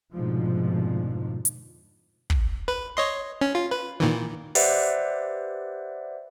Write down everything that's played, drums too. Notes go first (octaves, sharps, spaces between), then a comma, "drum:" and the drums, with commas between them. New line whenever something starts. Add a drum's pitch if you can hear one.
F1 G#2 B2 D3 F3
drum: hi-hat
drum: kick
B4
C#5 D#5 C6
C#4
F4
B4
A#2 D#3 E3
G4 B4 C5 D5 E5 F#5, drum: open hi-hat